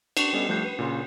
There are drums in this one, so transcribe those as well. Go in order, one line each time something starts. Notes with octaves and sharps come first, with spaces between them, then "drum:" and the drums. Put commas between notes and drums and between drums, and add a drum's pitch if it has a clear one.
D4 C#6, drum: cymbal
G3 B3 C#4 A4 D5 D#5
F3 G3 A3 F#6 G6 C7
B4 D#7
A#2 C#3 C6